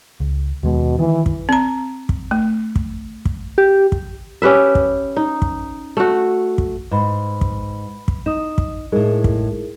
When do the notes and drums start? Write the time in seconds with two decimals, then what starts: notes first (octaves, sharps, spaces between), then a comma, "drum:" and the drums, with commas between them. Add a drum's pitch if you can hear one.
0.20 C#2
0.63 D#2 B2 G#3
0.99 D#3 E3
1.26 drum: kick
1.49 C4 A#5
2.09 drum: kick
2.31 A3
2.76 drum: kick
3.25 drum: kick
3.58 G4
3.92 drum: kick
4.42 C#4 G4 B4 E5
4.75 drum: kick
5.17 D#4
5.42 drum: kick
5.97 A3 F#4
6.58 drum: kick
6.91 G#2 B4 B5
7.41 drum: kick
8.08 drum: kick
8.26 D#4 D#6 E7
8.58 drum: kick
8.92 A2 G#3 D#4 G#4 A#4
9.24 drum: kick